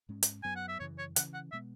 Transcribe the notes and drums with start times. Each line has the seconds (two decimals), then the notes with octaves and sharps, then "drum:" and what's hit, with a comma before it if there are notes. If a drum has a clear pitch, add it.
0.09 G#2 G#3 C#4
0.23 drum: hi-hat
0.43 F#2 F#3 B3 G#5
0.56 F#5
0.68 E5
0.80 F#2 C#3 E3 C#5
0.99 C#5
1.16 C#3 E3 C#4 F#5, drum: hi-hat
1.34 F#5
1.52 B2 G#3 B3 E5